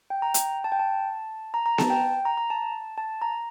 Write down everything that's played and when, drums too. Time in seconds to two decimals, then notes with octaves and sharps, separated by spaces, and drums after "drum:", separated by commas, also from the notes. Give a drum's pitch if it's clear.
0.10 G5
0.22 A#5
0.34 G5, drum: hi-hat
0.64 A5
0.72 G5
0.79 A5
1.54 A#5
1.66 A#5
1.78 A5, drum: snare B3
1.90 G5
2.25 A#5
2.38 A#5
2.50 A5
2.98 A5
3.22 A#5